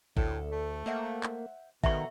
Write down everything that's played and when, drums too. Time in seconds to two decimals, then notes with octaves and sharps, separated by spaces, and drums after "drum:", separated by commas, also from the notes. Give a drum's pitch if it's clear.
0.17 D2 A2 A4, drum: kick A1
0.52 A3
0.86 A#3 C5 E5 F#5
1.23 drum: clap
1.84 B2 D3 D#3 E5 F#5 A#5 C#6, drum: kick A1